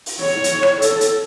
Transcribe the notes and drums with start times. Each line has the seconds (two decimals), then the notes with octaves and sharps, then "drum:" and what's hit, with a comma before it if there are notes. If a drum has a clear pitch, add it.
0.06 drum: open hi-hat
0.21 C#5
0.44 drum: hi-hat
0.63 drum: rim click
0.82 A4, drum: hi-hat
1.01 drum: hi-hat